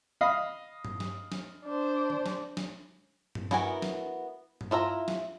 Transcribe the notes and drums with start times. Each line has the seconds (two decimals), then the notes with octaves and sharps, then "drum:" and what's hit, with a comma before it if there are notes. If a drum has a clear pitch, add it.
0.21 D#5 F5 B5
0.85 drum: tom G2
1.00 drum: snare
1.32 drum: snare
1.64 D4 C5
2.10 drum: tom D3
2.26 drum: snare
2.57 drum: snare
3.35 drum: tom G2
3.51 B3 E4 F#4 A#4 G#5, drum: snare
3.82 drum: snare
4.61 drum: tom G2
4.71 E4 F4 E5 A#5
5.08 drum: snare